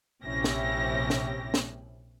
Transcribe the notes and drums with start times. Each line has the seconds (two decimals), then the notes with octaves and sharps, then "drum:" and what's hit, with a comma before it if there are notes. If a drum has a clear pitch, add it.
0.22 A#1 C3 C#4 E4 G4 A#6
0.44 drum: snare
1.10 drum: snare
1.54 drum: snare